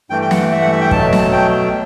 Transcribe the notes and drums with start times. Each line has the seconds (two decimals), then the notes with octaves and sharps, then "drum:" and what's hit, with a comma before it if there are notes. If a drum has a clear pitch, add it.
0.10 G2 E3 A3 G5
0.22 G5
0.31 F#5, drum: snare
0.52 E5
0.62 F#5
0.72 E5
0.81 G5
0.91 B2 F#3 A3 A5, drum: kick
1.13 A5, drum: snare
1.33 G5